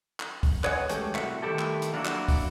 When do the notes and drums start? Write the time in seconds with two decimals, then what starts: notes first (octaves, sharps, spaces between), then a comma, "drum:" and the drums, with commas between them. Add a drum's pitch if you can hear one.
0.20 drum: clap
0.43 drum: kick, open hi-hat
0.64 B4 C#5 D#5 F#5 G#5, drum: clap
0.89 E3 G#3 A3 C#4 G4, drum: hi-hat
1.15 C2 A2 F#4 E5 F#5, drum: clap
1.42 D#3 G3 A3 E4 G4 A4
1.59 drum: clap
1.82 drum: hi-hat
1.93 F#3 A#3 B3 D4 E4 F#4
2.05 drum: clap
2.28 drum: kick, open hi-hat